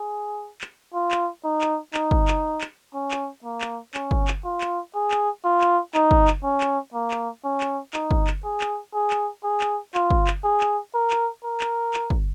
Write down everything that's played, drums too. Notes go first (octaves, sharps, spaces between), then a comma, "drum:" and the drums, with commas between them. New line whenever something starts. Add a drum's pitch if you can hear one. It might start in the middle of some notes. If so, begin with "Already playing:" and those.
Already playing: G#4
drum: clap
F4
drum: clap
D#4
drum: clap
D#4, drum: clap
drum: kick
drum: clap
drum: clap
C#4
drum: clap
A#3
drum: clap
C#4, drum: clap
drum: kick
drum: clap
F4
drum: clap
G#4
drum: clap
F4
drum: clap
D#4, drum: clap
drum: kick
drum: clap
C#4
drum: clap
A#3
drum: clap
C#4
drum: clap
D#4, drum: clap
drum: kick
drum: clap
G#4
drum: clap
G#4
drum: clap
G#4
drum: clap
F4, drum: clap
drum: kick
drum: clap
G#4
drum: clap
A#4
drum: clap
A#4
drum: clap
drum: clap
drum: kick